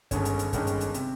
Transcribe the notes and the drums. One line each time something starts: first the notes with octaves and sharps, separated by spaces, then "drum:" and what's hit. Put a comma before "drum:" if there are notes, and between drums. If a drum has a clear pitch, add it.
G1 G2 D#3 G#3 C#4, drum: kick, hi-hat
drum: hi-hat
drum: hi-hat
G1 G2 D#3 G#3 C#4, drum: kick, hi-hat
drum: hi-hat
drum: hi-hat
C3, drum: hi-hat